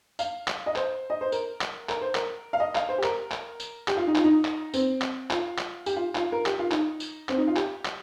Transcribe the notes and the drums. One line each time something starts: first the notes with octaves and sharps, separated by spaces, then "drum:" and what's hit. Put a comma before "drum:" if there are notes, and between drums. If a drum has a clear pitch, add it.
F5, drum: tambourine
drum: clap
D#5
C5, drum: clap
D#5
C5
A#4, drum: tambourine
drum: clap
A#4, drum: clap
C5
A#4, drum: clap
F5
D#5
F5, drum: clap
C5
G4
A#4, drum: clap
drum: clap
drum: tambourine
G4, drum: clap
F4
D#4
F4, drum: clap
D#4
drum: clap
C4, drum: tambourine
drum: clap
F4, drum: clap
drum: clap
G4, drum: tambourine
F4
F4, drum: clap
A#4
G4, drum: clap
F4
D#4, drum: clap
drum: tambourine
C4, drum: clap
D#4
F4
G4, drum: clap
drum: clap